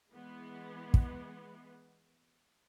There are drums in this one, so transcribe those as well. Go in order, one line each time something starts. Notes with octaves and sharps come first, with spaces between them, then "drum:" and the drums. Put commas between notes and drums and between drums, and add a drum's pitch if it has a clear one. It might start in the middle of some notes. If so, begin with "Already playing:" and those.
E3 G#3 B3
drum: kick